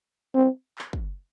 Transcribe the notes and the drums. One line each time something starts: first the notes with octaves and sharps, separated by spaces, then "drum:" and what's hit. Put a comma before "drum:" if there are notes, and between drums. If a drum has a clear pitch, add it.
C4
drum: clap
drum: kick